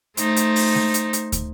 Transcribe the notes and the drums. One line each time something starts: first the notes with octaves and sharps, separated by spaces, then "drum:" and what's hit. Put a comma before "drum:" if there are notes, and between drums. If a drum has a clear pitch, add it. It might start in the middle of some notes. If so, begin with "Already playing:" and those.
A3 D#4 C5, drum: hi-hat
drum: hi-hat
drum: open hi-hat
drum: snare G#3
drum: hi-hat
drum: hi-hat
drum: kick, hi-hat